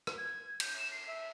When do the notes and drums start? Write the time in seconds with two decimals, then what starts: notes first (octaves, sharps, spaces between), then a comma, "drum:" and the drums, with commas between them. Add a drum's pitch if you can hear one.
0.07 drum: rim click
0.18 G#6
0.60 G6, drum: cymbal
0.78 E7
0.92 C7
1.07 E5